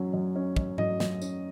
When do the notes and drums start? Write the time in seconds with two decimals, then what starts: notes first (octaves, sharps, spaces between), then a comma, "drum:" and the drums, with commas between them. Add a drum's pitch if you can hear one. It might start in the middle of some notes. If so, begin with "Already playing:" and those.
Already playing: F#2 F#3 C#4
0.13 F#2
0.36 C#4
0.57 F#2, drum: kick
0.78 F#3 D#5, drum: tom G#2
1.00 F#2, drum: snare
1.22 C#4, drum: tambourine